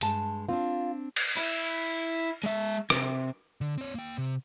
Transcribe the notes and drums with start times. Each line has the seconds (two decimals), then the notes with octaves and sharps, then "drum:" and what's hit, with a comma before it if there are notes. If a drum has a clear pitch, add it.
0.01 G2 G#3 A5, drum: hi-hat
0.48 C4 D4 F4
1.16 drum: cymbal
1.37 E4
2.44 G#3 E5
2.90 C3, drum: rim click
3.61 D3
3.78 C4 C#5
3.94 A#3 G5
4.18 C3